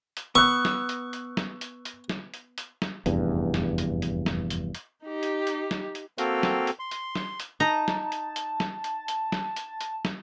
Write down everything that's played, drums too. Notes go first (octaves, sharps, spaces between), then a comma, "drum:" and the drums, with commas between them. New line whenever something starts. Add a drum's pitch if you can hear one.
drum: hi-hat
B3 C#6 E6 F#6
drum: snare
drum: hi-hat
drum: hi-hat
drum: snare
drum: hi-hat
drum: hi-hat
drum: snare
drum: hi-hat
drum: hi-hat
drum: snare
F1 E2 G2, drum: hi-hat
drum: snare
drum: hi-hat
drum: hi-hat
drum: snare
drum: hi-hat
drum: hi-hat
D#4 G4
drum: hi-hat
drum: hi-hat
drum: snare
drum: hi-hat
A#3 C4 F#4 A4 F5 G5, drum: hi-hat
drum: snare
drum: hi-hat
C6
drum: hi-hat
drum: snare
drum: hi-hat
D#4 A5 A#5
drum: snare
drum: hi-hat
drum: hi-hat
drum: snare
drum: hi-hat
drum: hi-hat
drum: snare
drum: hi-hat
drum: hi-hat
drum: snare